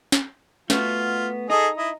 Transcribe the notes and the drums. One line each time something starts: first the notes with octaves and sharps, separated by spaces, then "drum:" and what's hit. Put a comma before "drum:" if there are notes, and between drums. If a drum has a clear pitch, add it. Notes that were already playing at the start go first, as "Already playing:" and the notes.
drum: snare
A3 B3 F4 F#4, drum: snare
D#4 G#4 A4 D#5
E4 D#5